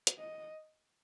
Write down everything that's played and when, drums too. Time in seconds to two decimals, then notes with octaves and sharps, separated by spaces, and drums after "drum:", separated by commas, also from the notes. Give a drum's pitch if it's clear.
0.07 drum: hi-hat
0.19 D#5